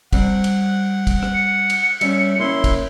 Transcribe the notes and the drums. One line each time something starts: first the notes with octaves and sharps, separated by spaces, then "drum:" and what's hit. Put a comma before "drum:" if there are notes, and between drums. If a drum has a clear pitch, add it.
G3 C4 F#5, drum: kick, cymbal
drum: cymbal
drum: kick, cymbal
drum: rim click
C#7
drum: cymbal
G3 C#4 E5, drum: cymbal
A#3 C#4 E4 C6
drum: kick, cymbal